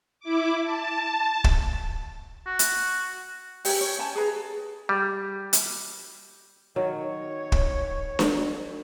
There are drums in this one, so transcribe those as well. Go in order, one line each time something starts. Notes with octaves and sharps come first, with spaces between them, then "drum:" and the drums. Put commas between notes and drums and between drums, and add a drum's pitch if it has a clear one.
E4 D6
A5
drum: kick
F#4
drum: hi-hat
G4 C#5 G#5, drum: open hi-hat
C#5
C#4 G#5 A5
G#4 B4 A#5
A4
G3
drum: hi-hat
D#3 F#3 C#5
drum: kick
drum: snare D4